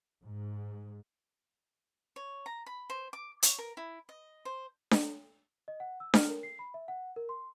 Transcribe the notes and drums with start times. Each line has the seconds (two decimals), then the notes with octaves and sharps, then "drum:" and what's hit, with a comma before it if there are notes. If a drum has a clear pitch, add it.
0.24 G#2
2.16 C#5
2.46 A#5
2.66 B5
2.90 C5
3.13 D6
3.43 C#5, drum: hi-hat
3.58 A#4
3.77 E4
4.09 D#5
4.45 C5
4.91 drum: snare D4
5.68 D#5
5.80 F#5
6.00 E6
6.14 F6, drum: snare D4
6.29 A#4
6.43 C7
6.59 B5
6.74 E5
6.88 F#5
7.16 A#4
7.29 C6